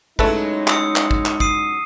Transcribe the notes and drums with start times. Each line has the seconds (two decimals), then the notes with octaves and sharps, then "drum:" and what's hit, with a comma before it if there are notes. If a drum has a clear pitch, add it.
0.19 F#3 G#3 A3 C#4 D#4 E4 A4 B4, drum: kick
0.68 D#6 E6 C#7, drum: clap
0.96 drum: clap
1.11 drum: kick
1.26 drum: clap
1.40 D#6 C7 D#7, drum: kick